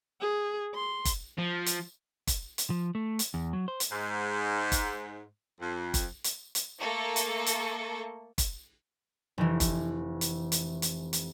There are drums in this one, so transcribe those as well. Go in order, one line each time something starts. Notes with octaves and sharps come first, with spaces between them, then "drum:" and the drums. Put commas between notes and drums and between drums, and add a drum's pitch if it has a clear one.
G#4
C6
drum: kick, hi-hat
F3
drum: hi-hat
drum: kick, hi-hat
drum: hi-hat
F3
A3
drum: hi-hat
E2
F#3
C5
drum: hi-hat
G#2
drum: kick, hi-hat
F2
drum: kick, hi-hat
drum: hi-hat
drum: hi-hat
A3 A#3 A4 C#6
drum: hi-hat
drum: hi-hat
drum: kick, hi-hat
F1 E3
drum: kick, hi-hat
drum: hi-hat
drum: hi-hat
drum: hi-hat
drum: hi-hat